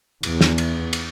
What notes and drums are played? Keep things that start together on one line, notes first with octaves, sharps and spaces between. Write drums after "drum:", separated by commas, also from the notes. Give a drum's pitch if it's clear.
E2, drum: cymbal
drum: snare
drum: cymbal
drum: cymbal